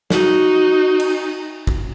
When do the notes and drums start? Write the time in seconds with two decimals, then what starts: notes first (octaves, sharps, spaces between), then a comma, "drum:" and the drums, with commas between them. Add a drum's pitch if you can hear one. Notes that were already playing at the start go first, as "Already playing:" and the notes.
0.10 D#4 F#4, drum: snare
1.00 drum: cymbal
1.67 drum: kick